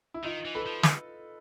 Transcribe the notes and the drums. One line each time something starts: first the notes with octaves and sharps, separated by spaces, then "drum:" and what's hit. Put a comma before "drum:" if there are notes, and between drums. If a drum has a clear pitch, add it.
E4
D#3 D#4 F4
E3
A4 B4
F3
drum: snare